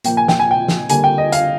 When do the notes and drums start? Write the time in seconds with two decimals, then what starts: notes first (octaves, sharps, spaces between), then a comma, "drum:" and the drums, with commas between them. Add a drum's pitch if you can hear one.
0.04 A#2 F3 A#3 G5, drum: hi-hat
0.17 G#5
0.28 G5, drum: snare
0.39 G#5
0.51 G5
0.68 drum: snare
0.89 D3 G3 A#3 G#5, drum: hi-hat
1.04 G5
1.18 D#5
1.32 F5, drum: hi-hat